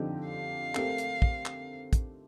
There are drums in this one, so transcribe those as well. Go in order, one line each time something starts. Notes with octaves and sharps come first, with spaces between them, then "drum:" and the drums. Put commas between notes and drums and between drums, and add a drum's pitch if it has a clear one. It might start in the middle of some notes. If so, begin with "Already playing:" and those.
Already playing: D3 F3 C4 D#4 G4
F5
A3 C4 G4 A#4, drum: clap
drum: hi-hat
drum: kick
drum: clap
drum: kick, hi-hat